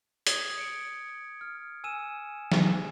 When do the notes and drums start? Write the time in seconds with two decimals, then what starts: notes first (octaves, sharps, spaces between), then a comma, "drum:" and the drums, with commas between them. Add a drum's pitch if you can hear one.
0.27 D#6 G#6, drum: hi-hat
0.58 C#7 D7
1.41 F6
1.84 G#5 E6 D#7 E7
2.52 drum: snare